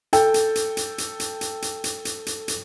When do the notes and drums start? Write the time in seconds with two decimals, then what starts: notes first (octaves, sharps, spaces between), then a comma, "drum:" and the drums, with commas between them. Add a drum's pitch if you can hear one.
0.13 A4 G5, drum: hi-hat
0.34 drum: hi-hat
0.55 drum: hi-hat
0.77 drum: hi-hat
0.98 drum: hi-hat
1.20 drum: hi-hat
1.41 drum: hi-hat
1.62 drum: hi-hat
1.84 drum: hi-hat
2.05 drum: hi-hat
2.26 drum: hi-hat
2.48 drum: hi-hat